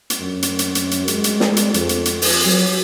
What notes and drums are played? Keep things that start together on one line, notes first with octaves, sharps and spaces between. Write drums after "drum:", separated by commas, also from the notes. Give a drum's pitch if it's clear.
drum: hi-hat
F#2
drum: hi-hat
drum: hi-hat
drum: hi-hat
drum: hi-hat
G#3, drum: hi-hat
drum: hi-hat
drum: snare
drum: hi-hat
F2, drum: hi-hat
drum: hi-hat
drum: hi-hat
drum: open hi-hat
F#3